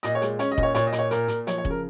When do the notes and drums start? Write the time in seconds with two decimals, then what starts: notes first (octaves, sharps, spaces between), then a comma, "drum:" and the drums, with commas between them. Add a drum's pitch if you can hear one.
0.03 A#2 D#5, drum: hi-hat
0.15 C#5
0.22 G#3, drum: hi-hat
0.39 C#4 C#5, drum: hi-hat
0.52 D#5
0.58 A#2, drum: kick
0.63 C#5
0.75 A#2 C#5, drum: hi-hat
0.87 D#5
0.92 A#2, drum: hi-hat
0.99 C#5
1.11 A#2 A#4, drum: hi-hat
1.28 A#2, drum: hi-hat
1.47 F3 C#5, drum: hi-hat
1.58 C#5
1.65 C#3, drum: kick
1.70 A#4